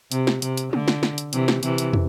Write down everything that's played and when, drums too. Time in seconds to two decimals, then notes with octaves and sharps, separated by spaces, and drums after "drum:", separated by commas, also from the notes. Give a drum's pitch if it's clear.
0.12 C3, drum: hi-hat
0.27 drum: snare
0.42 C3, drum: hi-hat
0.57 drum: hi-hat
0.73 D3, drum: tom G#3
0.88 drum: snare
1.03 drum: snare
1.18 drum: hi-hat
1.33 C3 E3, drum: hi-hat
1.48 drum: snare
1.63 C3 E3, drum: hi-hat
1.78 drum: hi-hat
1.93 drum: tom